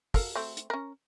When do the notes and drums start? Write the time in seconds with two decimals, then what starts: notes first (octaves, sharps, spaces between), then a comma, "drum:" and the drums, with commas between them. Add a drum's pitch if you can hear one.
0.14 A4 A#4 F5, drum: kick, open hi-hat
0.35 A3 C4
0.57 drum: hi-hat
0.70 C#4 A#4